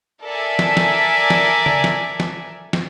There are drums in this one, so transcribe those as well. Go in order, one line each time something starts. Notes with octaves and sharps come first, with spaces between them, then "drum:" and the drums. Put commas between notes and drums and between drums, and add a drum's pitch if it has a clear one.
A4 A#4 D5 E5 G#5
drum: snare
drum: snare
drum: snare
drum: tom C#3
drum: snare
drum: snare
drum: snare